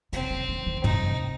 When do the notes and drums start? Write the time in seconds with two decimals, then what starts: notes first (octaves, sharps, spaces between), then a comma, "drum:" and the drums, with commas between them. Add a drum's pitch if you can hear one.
0.13 C3 C4, drum: hi-hat
0.30 F3
0.48 F3
0.66 D#3
0.84 C3 D#4, drum: tom